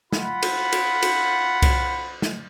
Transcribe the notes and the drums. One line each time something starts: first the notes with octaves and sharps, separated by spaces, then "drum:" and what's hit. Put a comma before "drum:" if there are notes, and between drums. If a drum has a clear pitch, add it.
F4 F#5 B5, drum: snare
drum: cymbal
drum: cymbal
drum: cymbal
drum: kick C2, cymbal
drum: snare